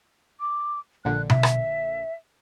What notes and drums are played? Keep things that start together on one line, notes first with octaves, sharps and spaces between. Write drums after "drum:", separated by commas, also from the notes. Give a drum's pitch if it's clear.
D6
A#1 A#2 D3 F#6
E5, drum: tom B2
drum: rim click